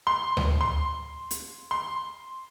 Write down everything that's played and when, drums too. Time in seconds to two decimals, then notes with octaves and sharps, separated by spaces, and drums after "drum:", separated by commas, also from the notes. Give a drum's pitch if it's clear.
0.07 C6
0.37 drum: tom D2
0.61 C6
1.31 drum: hi-hat
1.71 C6